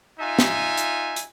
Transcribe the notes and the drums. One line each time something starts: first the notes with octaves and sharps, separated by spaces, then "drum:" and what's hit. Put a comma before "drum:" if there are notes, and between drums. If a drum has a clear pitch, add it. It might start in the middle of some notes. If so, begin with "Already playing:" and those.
D#4 F4 E5 G#5
drum: snare
drum: hi-hat
drum: hi-hat